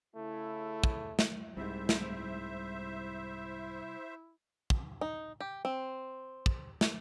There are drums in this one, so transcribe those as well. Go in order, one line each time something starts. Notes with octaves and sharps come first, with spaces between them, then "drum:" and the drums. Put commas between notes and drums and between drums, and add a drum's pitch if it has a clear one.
C#3 A3 E4
drum: kick
drum: snare
C2 G#2 C3 G3 E4 C5 E5
drum: snare
drum: kick
D#4
G4
C4
drum: kick
drum: snare